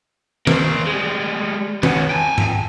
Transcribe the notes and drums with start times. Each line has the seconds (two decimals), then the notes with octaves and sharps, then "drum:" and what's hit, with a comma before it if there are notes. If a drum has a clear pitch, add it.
0.47 A#3 C5, drum: tom D#3
0.87 G3 G#3
1.83 B3 C#4, drum: tom D#3
2.10 G5 G#5
2.38 drum: tom G#2